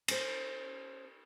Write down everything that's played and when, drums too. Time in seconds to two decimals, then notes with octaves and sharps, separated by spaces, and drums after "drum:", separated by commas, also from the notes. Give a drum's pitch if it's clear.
0.08 C#4 C5, drum: cymbal